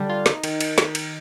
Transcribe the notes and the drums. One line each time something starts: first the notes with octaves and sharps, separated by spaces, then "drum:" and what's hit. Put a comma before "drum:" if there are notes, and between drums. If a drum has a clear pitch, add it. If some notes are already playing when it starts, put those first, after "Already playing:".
Already playing: D3 G3 D4
F4
D#4, drum: snare
D#3, drum: cymbal
drum: cymbal
drum: snare
drum: cymbal